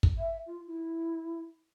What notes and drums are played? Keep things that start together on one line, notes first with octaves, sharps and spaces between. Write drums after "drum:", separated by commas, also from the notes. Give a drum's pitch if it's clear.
drum: kick
E5
F4
E4